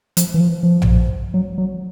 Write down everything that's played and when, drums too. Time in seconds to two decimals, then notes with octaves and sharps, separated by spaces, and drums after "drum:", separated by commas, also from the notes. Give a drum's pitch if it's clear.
0.17 F3, drum: hi-hat
0.34 E3
0.40 F3
0.63 F3
0.82 drum: tom A#1
1.34 F#3
1.58 F#3